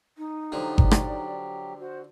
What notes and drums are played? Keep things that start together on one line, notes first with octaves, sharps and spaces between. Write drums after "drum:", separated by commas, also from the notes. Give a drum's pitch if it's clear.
D#4
D3 F3 F#3 G4 D5
drum: kick G1
drum: rim click
F#4 C5